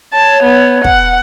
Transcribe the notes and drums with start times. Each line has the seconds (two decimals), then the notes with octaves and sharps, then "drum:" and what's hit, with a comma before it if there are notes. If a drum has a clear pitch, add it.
0.14 C#5 A5
0.43 B3
0.84 F#5, drum: kick